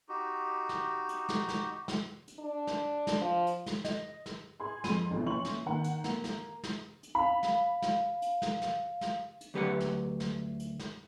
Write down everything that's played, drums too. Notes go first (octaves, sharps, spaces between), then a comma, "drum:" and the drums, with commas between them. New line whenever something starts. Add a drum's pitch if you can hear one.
D#4 F#4 G4
drum: snare
drum: hi-hat
drum: snare
drum: snare
drum: snare
drum: hi-hat
D4
drum: snare
drum: snare
F3
drum: hi-hat
drum: snare
D#5, drum: snare
drum: snare
G#4 C6
F2 F3 G#3 C6 D#7, drum: snare
A1 B2 E3 F3
A#2 E3 C#4 C6 C#6 F#7
drum: snare
D#3 A#3 F#5
drum: hi-hat
A#3, drum: snare
drum: snare
drum: snare
drum: hi-hat
F5 B5
drum: snare
drum: snare
drum: hi-hat
drum: snare
drum: snare
drum: snare
drum: hi-hat
D2 F#3 G4 B4 C#5 F#5
drum: snare
drum: snare
drum: hi-hat
drum: snare